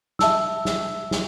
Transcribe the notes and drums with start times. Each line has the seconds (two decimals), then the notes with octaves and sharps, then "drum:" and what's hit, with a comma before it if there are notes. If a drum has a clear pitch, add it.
0.19 E5 A5 E6, drum: snare
0.65 drum: snare
1.11 drum: snare